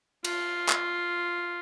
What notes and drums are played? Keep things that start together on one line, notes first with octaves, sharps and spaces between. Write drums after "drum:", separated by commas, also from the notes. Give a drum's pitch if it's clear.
F4, drum: cymbal
drum: clap